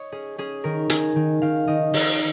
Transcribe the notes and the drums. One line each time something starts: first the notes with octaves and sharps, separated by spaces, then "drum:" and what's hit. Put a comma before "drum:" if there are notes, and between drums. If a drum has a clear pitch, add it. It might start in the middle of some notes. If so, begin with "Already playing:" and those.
Already playing: C#5 D#5
C#4 G#4
C#4 G#4
D#3 A#4
D#3 G#5, drum: hi-hat
D#3
D#3 F5
D#3 D#5
D#3, drum: open hi-hat